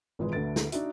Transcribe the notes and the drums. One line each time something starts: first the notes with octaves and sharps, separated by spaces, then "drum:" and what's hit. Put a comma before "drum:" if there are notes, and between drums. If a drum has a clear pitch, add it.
G#1 A#2 E3 G#3 B4
D2 D3 A3 B4 A6 D7
drum: snare
D4 D#4 F#4 E5, drum: hi-hat